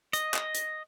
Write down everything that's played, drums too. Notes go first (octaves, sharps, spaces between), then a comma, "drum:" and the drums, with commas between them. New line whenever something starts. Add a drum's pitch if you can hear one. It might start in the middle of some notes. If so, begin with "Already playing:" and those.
D#5, drum: hi-hat
drum: clap
drum: hi-hat